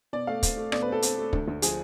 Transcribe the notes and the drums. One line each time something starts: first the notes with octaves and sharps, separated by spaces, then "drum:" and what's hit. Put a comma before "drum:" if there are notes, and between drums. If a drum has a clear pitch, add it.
B2 D5
A3 F5
C4, drum: kick, hi-hat
A3
B2 D5, drum: rim click
B4
C4 A4
C4, drum: hi-hat
A3
D2, drum: kick
D2
F3 G#4, drum: hi-hat